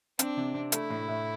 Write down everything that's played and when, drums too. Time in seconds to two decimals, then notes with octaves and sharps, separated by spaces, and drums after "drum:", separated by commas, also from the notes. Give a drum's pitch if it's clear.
0.19 C4 D4, drum: hi-hat
0.37 C3
0.54 C3
0.72 A3 E4, drum: hi-hat
0.90 A2
1.08 A2